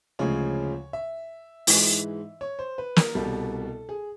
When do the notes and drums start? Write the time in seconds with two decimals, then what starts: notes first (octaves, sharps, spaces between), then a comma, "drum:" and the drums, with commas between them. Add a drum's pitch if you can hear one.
0.19 D2 C#3 F3 G#3 C#5
0.93 E5
1.67 G#2 E3 G#3, drum: open hi-hat
2.41 C#5
2.59 C5
2.78 B4
2.96 A#4, drum: snare
3.15 C2 B2 G3 A4
3.89 G#4